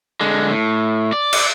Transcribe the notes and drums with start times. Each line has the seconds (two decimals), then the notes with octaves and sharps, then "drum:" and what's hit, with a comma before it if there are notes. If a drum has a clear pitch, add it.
0.21 D3 G#3
0.51 A2
1.13 D5
1.33 drum: cymbal